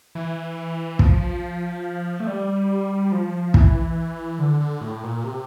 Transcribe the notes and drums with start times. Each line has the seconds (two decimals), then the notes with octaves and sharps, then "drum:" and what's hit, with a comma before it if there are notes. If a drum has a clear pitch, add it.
0.15 E3
0.99 F3, drum: kick
1.21 F3
2.20 A3
2.27 G3
3.12 F3
3.54 E3, drum: kick
4.39 D3
4.61 D3
4.81 A2
5.03 A#2
5.24 C3